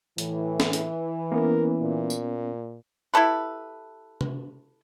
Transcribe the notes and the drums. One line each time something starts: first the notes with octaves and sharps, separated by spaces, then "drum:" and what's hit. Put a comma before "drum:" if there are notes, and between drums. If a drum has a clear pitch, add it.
A2 E3, drum: hi-hat
drum: snare
drum: hi-hat
A#3 B3 C#4 A#4
A#2
drum: tambourine
E4 G4 A4 B4
drum: tom C3